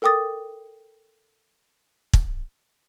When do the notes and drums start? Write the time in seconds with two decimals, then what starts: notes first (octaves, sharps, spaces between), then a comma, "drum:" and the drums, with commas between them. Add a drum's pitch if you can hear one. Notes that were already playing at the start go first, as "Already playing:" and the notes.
0.02 A4 A#4 G5 D6 D#6 A6
2.13 drum: kick